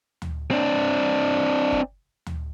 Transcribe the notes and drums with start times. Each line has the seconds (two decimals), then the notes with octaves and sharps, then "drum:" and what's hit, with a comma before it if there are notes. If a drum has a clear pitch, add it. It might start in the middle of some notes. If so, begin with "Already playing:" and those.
0.22 drum: tom D2
0.51 C4 D4
1.72 drum: kick G1
2.26 drum: tom D2